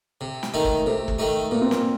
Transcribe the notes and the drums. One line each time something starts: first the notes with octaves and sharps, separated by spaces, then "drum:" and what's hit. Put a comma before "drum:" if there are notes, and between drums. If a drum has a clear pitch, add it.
C3
drum: snare
D#3 A3 D#4
drum: kick
C3 A3
drum: kick
D#3 A3 D#4
A#2 A#3
C4
A#3, drum: snare